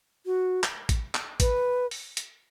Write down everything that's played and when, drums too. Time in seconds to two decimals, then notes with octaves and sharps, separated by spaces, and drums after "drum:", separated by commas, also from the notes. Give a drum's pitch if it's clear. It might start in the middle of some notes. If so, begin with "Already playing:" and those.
0.25 F#4
0.63 drum: clap
0.89 drum: kick A1, hi-hat
1.15 drum: clap
1.40 B4, drum: kick A1, hi-hat
1.91 drum: open hi-hat
2.17 drum: hi-hat